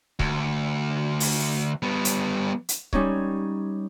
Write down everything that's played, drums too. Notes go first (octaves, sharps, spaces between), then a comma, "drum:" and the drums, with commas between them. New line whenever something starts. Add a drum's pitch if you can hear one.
D2, drum: kick C#1
drum: open hi-hat
G3 B3
drum: hi-hat
drum: hi-hat
G3 C#4 D#4 C#5, drum: kick C#1